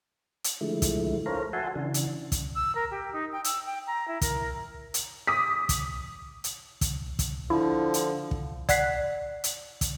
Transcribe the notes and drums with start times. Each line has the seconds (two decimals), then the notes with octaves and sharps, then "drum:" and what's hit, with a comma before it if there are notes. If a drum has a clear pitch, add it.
0.44 drum: hi-hat
0.61 D3 F3 G#3 A3 E4
0.82 drum: kick, hi-hat
1.26 A4 A#4 C5 C#5 F5 A#5
1.53 F#4 E5 F#5 G#5 A5 C6
1.76 C#3 E3 D4
1.94 drum: hi-hat
2.32 drum: kick, hi-hat
2.55 E6
2.75 A#4
2.91 G4
3.13 D#4
3.32 G5
3.44 E6, drum: hi-hat
3.66 G5
3.87 A#5
4.08 E4
4.21 A#4, drum: kick, hi-hat
4.94 drum: hi-hat
5.27 D6 D#6 B6
5.69 drum: kick, hi-hat
6.44 drum: hi-hat
6.81 drum: kick, hi-hat
7.19 drum: kick, hi-hat
7.50 D3 F3 E4
7.94 drum: hi-hat
8.31 drum: kick
8.69 D5 F#5 F#6 B6 C7, drum: kick, hi-hat
9.44 drum: hi-hat
9.81 drum: kick, hi-hat